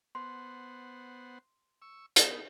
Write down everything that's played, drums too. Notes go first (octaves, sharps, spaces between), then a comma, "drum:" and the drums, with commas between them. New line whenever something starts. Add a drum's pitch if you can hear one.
B3 C5 F#5 C6
C#6 E6
B3 D#4, drum: hi-hat